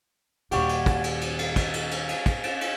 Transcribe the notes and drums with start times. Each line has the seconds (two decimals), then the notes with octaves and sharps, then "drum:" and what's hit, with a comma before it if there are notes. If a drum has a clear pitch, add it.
0.51 D#2 A#2 G3 F#4 G4, drum: cymbal
0.69 drum: cymbal
0.86 drum: kick, cymbal
1.04 drum: cymbal
1.21 drum: cymbal
1.39 drum: cymbal
1.56 drum: kick, cymbal
1.74 drum: cymbal
1.91 drum: cymbal
2.09 drum: cymbal
2.26 drum: kick, cymbal
2.43 drum: cymbal
2.61 drum: cymbal